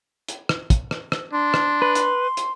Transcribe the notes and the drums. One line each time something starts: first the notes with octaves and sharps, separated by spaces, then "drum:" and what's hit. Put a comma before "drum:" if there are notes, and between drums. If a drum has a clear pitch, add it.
drum: hi-hat
drum: rim click
drum: kick, hi-hat
drum: rim click
drum: rim click
D4 C6
drum: rim click
B4
drum: hi-hat
drum: hi-hat